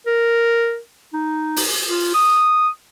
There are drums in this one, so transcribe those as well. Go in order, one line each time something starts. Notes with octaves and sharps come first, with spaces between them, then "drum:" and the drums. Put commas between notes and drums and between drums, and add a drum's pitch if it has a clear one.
A#4
D#4
drum: open hi-hat
F4
D#6